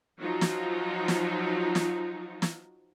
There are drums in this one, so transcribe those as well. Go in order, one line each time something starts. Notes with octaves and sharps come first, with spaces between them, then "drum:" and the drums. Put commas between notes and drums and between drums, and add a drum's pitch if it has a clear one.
F3 F#3 D#4 F4 F#4
drum: snare
drum: snare
drum: snare
drum: snare